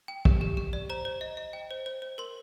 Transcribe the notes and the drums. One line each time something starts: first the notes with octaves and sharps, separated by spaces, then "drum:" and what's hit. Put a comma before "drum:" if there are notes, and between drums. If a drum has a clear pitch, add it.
G5
G4, drum: kick
G4
G4
D5
C5 A#5
C5
D#5
D#5
G5
C5
C5
C5
A#4 C6